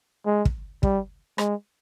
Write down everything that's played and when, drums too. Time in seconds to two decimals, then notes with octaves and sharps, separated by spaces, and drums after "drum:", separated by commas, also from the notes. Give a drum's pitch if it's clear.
0.26 G#3
0.45 drum: kick
0.83 G3, drum: kick
1.38 G#3, drum: rim click